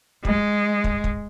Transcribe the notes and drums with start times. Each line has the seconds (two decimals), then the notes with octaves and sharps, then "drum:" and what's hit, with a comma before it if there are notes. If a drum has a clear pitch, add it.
0.25 G#3, drum: kick
0.84 drum: kick
1.04 drum: kick